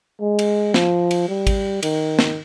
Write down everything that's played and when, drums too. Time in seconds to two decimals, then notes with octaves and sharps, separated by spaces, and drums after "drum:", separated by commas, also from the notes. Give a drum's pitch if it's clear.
0.21 G#3
0.39 drum: cymbal
0.74 F3, drum: snare
1.11 drum: cymbal
1.28 G3
1.47 drum: kick, cymbal
1.83 D#3, drum: cymbal
2.19 drum: snare